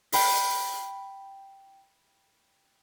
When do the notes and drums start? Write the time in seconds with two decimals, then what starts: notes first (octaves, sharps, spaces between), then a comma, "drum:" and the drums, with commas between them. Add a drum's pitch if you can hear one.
0.12 G5 B5 C7, drum: open hi-hat